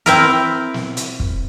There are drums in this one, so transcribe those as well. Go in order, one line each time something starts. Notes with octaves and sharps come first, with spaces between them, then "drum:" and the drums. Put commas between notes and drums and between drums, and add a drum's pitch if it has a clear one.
C4 E4 A#4, drum: hi-hat
drum: snare
drum: hi-hat
drum: kick